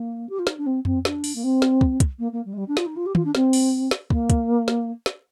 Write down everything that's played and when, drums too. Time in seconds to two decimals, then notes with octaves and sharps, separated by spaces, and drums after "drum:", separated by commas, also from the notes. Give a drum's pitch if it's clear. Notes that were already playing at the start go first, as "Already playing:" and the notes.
Already playing: A#3
0.29 G4
0.38 F4
0.47 D#4, drum: snare
0.57 D4
0.66 C4
0.85 C4, drum: tom F2
1.05 D4, drum: snare
1.24 drum: open hi-hat
1.35 A#3
1.43 C4
1.62 drum: snare
1.81 drum: kick
2.00 drum: kick, hi-hat
2.19 A#3
2.32 A#3
2.45 G3
2.53 G#3
2.57 G3
2.68 D4
2.77 F4, drum: snare
2.86 D#4
2.96 F4
3.05 G4
3.15 F4, drum: tom
3.24 D4
3.35 C4, drum: snare
3.53 drum: open hi-hat
3.91 drum: snare
4.10 A#3, drum: kick
4.30 drum: kick, hi-hat
4.68 drum: snare
5.06 drum: snare